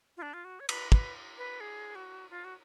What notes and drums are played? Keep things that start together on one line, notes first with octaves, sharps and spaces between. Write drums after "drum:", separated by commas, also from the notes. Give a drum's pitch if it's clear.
F4
D4
F4
F#4
C#5
B4, drum: cymbal
B4, drum: kick
B4
G#4
F#4
F4
F#4